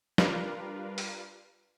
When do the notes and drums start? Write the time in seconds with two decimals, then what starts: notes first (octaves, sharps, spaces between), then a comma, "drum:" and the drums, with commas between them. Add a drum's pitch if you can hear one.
0.18 G3 D4 F4 A#4 B4 F5, drum: snare
0.98 drum: open hi-hat